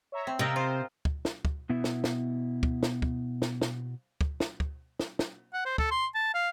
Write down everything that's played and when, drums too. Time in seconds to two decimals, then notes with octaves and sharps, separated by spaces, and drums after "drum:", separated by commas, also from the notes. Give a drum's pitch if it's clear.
0.12 C#5 E5 A#5
0.27 C4
0.39 C3 A#4 D#5 F5 G5 E6
0.56 F4 C5
1.05 drum: kick
1.25 drum: snare
1.45 drum: kick
1.70 B2 B3 E4 E5
1.84 drum: snare
2.04 drum: snare
2.63 drum: kick
2.83 drum: snare
3.02 drum: kick
3.42 drum: snare
3.61 drum: snare
4.21 drum: kick
4.40 drum: snare
4.60 drum: kick
4.99 drum: snare
5.19 drum: snare
5.53 F#5
5.65 C5
5.78 A4, drum: kick
5.91 C6
6.14 A5
6.34 F5